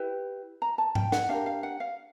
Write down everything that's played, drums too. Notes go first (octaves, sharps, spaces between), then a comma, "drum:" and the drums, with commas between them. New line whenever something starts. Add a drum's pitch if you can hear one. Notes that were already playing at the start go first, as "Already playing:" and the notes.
Already playing: E4 G4 B4
A#5
A5
G5, drum: tom G#2
F#5, drum: snare
D4 G4 A#4 F5
F5
F#5
F5